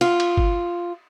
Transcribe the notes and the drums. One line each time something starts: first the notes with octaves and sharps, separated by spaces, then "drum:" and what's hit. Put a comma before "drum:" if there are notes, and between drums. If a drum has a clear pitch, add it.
F4, drum: cymbal
drum: cymbal
drum: kick